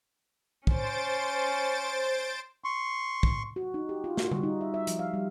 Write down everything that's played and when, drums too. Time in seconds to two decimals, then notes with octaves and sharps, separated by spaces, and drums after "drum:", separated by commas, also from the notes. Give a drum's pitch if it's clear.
0.67 C#4 C5 A6 D7, drum: kick
2.64 C6 C#6
3.23 drum: kick
3.56 F#4
3.74 D#4
3.89 G4
4.04 F4
4.17 F#4, drum: snare
4.31 G3, drum: tom D3
4.43 D#4
4.61 E5
4.74 E5
4.87 F3, drum: hi-hat
4.99 F5
5.14 G3